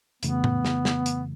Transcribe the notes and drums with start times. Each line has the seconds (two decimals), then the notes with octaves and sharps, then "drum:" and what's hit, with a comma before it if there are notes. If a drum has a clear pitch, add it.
0.23 F2 C#3 E3 A3 B3, drum: hi-hat
0.44 drum: tom A2
0.65 drum: snare
0.85 drum: snare
1.06 drum: hi-hat